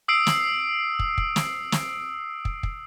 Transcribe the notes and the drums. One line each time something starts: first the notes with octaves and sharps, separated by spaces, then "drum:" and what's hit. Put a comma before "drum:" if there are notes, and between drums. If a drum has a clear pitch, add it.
D#6 E6 C7 D7
drum: snare
drum: kick
drum: kick
drum: snare
drum: snare
drum: kick
drum: kick